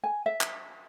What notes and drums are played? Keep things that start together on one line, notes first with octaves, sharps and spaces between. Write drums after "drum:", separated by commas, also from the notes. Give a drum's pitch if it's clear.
G#5
E5
drum: clap